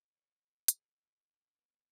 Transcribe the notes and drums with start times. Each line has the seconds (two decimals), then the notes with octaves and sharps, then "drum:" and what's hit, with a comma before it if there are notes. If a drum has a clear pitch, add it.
0.11 C#5
0.68 G#4, drum: hi-hat
0.97 E4
1.26 D4
1.54 B3